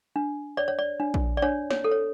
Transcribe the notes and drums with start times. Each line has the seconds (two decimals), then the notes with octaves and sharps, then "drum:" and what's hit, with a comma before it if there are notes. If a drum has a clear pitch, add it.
0.16 D4
0.57 C#5 D5
0.68 C#5
0.79 D5
1.00 D4
1.14 drum: kick A#1
1.37 D5
1.42 D4 C#5
1.71 C#5, drum: snare
1.84 A4
1.92 C#5